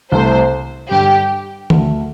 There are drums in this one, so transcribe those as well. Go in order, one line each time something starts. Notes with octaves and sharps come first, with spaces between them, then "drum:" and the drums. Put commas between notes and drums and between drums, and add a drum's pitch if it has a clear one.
C2 C3 A3 C5
G2 D3 G3 G4
D2 D3 A3, drum: tom D#3